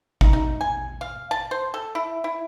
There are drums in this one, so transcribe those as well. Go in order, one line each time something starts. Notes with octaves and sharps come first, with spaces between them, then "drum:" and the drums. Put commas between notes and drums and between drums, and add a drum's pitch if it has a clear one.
D#4, drum: kick G#1
D#4
G#5
F5
A5
C5
A4
E4
E4